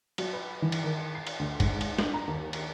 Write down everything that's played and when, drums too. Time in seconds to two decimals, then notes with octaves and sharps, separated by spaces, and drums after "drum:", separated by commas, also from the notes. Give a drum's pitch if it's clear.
0.18 F#3, drum: cymbal
0.33 B4
0.62 E3
0.72 drum: cymbal
0.84 D#3
1.15 C7
1.27 drum: cymbal
1.39 D2
1.60 G#2, drum: kick, cymbal
1.81 drum: cymbal
1.98 D4, drum: snare
2.14 A#5
2.27 D#2
2.53 drum: cymbal